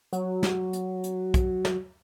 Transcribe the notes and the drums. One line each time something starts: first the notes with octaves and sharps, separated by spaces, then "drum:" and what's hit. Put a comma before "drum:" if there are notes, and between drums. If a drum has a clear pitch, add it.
F#3, drum: hi-hat
drum: snare
drum: hi-hat
drum: hi-hat
drum: kick, hi-hat
drum: snare